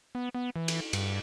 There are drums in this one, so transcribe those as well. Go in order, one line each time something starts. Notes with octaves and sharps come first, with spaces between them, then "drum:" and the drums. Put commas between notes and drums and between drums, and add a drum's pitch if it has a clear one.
B3
B3
E3
drum: cymbal
G2, drum: cymbal